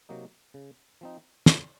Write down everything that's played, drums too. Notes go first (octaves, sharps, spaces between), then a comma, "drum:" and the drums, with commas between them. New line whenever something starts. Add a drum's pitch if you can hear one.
C3 F#3 A#3 D#4
C#3
F3 C4 D#4
F2, drum: snare